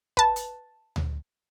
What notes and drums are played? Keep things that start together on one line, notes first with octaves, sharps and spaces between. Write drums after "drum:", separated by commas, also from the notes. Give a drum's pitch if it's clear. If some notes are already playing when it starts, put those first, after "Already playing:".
B4 A5, drum: kick
drum: hi-hat
drum: tom D2